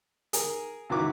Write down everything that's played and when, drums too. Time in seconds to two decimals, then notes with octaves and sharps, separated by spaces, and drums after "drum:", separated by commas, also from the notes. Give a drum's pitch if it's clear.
0.33 G#4 A#4, drum: hi-hat
0.90 C#2 F#2 D#3 E3 F#4 D6